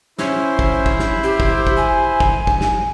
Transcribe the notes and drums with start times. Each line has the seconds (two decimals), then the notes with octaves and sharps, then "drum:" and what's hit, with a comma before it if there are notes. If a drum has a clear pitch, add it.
0.19 C#4 E4 C5, drum: snare
0.59 drum: kick
0.86 drum: kick
0.99 drum: snare
1.23 G4
1.40 drum: kick
1.67 drum: kick
1.77 G#5
2.20 drum: kick
2.47 drum: kick
2.61 drum: snare